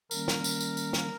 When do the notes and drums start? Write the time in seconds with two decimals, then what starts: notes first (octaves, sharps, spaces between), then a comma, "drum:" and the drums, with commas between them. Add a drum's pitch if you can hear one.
0.11 D#3 G3 A#3 C#4 A#4, drum: tambourine
0.28 drum: snare
0.44 drum: tambourine
0.61 drum: tambourine
0.77 drum: tambourine
0.93 drum: snare